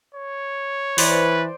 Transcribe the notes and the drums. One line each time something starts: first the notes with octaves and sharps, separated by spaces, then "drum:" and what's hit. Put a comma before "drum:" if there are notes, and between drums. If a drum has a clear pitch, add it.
C#5
E3 B4 C5 D5, drum: open hi-hat